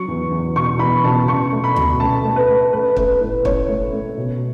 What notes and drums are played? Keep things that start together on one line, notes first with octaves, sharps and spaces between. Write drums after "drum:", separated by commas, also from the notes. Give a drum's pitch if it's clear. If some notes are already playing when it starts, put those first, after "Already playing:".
Already playing: F#3 C#6
E2
E2
B2 C#6
E2 B5
B2 A5
B2 C#6
A3
B5
B2, drum: tom D2
A3 A5
A3
B4
A3
A3 B4
A3 B4, drum: kick
A2 B4
A2 C#5, drum: kick
A3
A3
B2